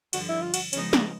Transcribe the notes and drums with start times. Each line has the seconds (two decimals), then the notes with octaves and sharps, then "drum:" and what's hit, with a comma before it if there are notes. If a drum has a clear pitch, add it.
0.13 G2 D3 F3 F#4, drum: cymbal
0.29 E4
0.41 F4
0.54 F#4, drum: cymbal
0.73 C#3 F3 G#3 B3 C#4 D#4, drum: cymbal
0.93 D4, drum: snare